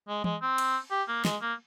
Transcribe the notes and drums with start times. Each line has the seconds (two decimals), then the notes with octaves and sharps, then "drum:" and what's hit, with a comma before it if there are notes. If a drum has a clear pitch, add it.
0.08 G#3
0.24 G#3, drum: tom E3
0.42 C4
0.58 drum: cymbal
0.91 G4
1.08 A#3
1.25 G#3, drum: snare
1.42 A#3